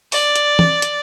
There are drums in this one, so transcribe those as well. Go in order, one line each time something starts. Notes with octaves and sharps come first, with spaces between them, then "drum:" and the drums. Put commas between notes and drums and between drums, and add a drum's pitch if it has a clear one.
D5, drum: open hi-hat
drum: hi-hat
drum: tom E3
drum: hi-hat